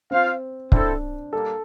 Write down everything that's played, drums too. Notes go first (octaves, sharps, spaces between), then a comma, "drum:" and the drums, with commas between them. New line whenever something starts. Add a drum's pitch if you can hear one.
C4 F4 C5 F5
C4 D4 E4 A4 C5, drum: kick
G3 A#3 A4